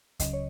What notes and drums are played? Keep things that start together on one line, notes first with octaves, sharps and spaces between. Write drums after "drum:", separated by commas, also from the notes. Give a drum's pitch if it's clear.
C#2 C#3 F#3 D#5, drum: kick C#1, hi-hat
C#5